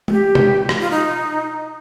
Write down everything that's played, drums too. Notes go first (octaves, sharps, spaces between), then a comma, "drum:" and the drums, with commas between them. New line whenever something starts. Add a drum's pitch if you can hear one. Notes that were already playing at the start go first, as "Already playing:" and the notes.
F4, drum: tom G#3
G4
drum: tom B2
drum: rim click
F4
D#4